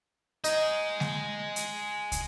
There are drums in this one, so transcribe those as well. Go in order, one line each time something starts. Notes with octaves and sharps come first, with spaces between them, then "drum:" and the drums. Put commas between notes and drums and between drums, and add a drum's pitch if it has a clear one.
D#4 D#5 G#5, drum: hi-hat
drum: snare G#3
drum: hi-hat
drum: kick, hi-hat